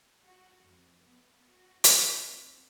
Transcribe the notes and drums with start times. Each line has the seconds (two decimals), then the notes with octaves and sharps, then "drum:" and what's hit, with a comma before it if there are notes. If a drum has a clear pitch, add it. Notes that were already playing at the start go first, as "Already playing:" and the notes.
0.23 F#4
0.64 F2
1.02 B3
1.49 F#4
1.84 D#4, drum: hi-hat
2.23 C4